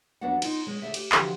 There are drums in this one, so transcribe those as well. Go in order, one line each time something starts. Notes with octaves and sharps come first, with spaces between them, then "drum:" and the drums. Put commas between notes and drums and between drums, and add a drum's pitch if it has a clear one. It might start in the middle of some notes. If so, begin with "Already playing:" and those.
F2 F#3 B3 D4 F#4 F#5
D#4 F4 D#5, drum: cymbal
G#3 C#4
D2 G2 A3 G#4 E5
G4, drum: cymbal
D3 E3 F3 F#4 G4, drum: clap